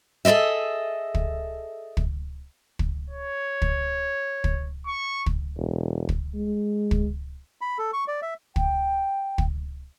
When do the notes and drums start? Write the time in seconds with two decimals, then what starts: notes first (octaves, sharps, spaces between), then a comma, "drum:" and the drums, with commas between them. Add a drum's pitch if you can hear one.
0.25 G#4 A4 C5 D#5 E5
1.15 drum: kick
1.97 drum: kick
2.79 drum: kick
3.10 C#5
3.62 drum: kick
4.44 drum: kick
4.87 C#6
5.26 drum: kick
5.58 E1
6.09 drum: kick
6.34 G#3
6.91 drum: kick
7.61 B5
7.78 A4
7.93 C#6
8.08 D5
8.22 E5
8.56 G5, drum: kick
9.38 drum: kick